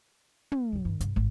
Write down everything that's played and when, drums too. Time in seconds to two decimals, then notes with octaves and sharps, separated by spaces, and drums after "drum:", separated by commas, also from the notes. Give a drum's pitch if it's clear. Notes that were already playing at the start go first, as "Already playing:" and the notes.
0.52 drum: tom
0.72 F2 A2
0.85 G2
1.00 G2, drum: hi-hat
1.16 G#1